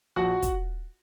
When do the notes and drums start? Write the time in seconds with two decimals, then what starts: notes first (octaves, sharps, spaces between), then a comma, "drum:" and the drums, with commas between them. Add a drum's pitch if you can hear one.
0.16 A#1 F#4 F#5
0.42 drum: kick, hi-hat